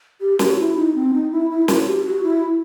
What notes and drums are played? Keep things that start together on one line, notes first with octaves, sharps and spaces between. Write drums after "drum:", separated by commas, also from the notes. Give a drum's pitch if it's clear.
G4
F#4, drum: snare
E4
D#4
C4
D#4
E4
E4
F#4, drum: snare
G4
F#4
E4